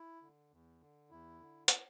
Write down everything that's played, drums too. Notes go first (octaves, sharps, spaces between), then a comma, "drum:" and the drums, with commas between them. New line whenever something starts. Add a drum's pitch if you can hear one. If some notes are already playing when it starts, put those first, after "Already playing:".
Already playing: E4
D3
E2
D3
E2 E4
D3
drum: hi-hat